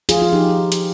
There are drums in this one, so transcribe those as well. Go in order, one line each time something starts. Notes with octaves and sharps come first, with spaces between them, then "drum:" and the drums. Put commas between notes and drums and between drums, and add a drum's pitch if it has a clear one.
F3 F4 G#4, drum: hi-hat
F4
F3 D#4 G4
drum: hi-hat